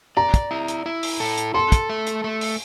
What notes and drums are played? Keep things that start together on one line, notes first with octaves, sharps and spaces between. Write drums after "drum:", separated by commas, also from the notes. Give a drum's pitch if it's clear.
D5 A#5
drum: kick, hi-hat
E4
drum: hi-hat
E4
drum: open hi-hat
A4
drum: hi-hat
A4 C6
drum: kick, hi-hat
A3
drum: hi-hat
A3
drum: open hi-hat